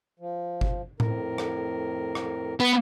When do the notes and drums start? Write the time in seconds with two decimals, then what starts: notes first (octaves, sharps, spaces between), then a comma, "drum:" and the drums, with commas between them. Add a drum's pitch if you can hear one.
0.19 F3
0.61 drum: kick G1
1.00 F2 A2 A#4, drum: tom A2
1.38 drum: rim click
2.15 drum: rim click
2.60 B3